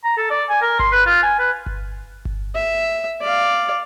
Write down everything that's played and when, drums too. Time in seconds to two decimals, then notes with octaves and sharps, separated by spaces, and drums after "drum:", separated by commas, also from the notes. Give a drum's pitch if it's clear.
0.04 A#5
0.17 A4
0.30 D5
0.49 G#5
0.61 A#4
0.79 C6, drum: kick G1
0.92 B4
1.06 F4
1.23 G#5
1.39 B4
1.66 drum: kick G1
2.25 drum: kick G1
2.55 E5
3.21 D5 F5